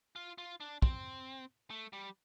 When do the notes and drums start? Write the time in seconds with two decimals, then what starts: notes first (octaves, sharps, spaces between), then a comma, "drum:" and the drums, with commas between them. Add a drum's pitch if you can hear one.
0.16 F4
0.38 F4
0.60 D4
0.82 C4, drum: kick
1.70 A3
1.93 G3